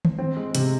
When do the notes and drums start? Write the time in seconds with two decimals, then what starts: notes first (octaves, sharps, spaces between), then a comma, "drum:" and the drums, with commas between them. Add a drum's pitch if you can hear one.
0.05 drum: tom
0.19 C4
0.37 G#3
0.55 C3, drum: hi-hat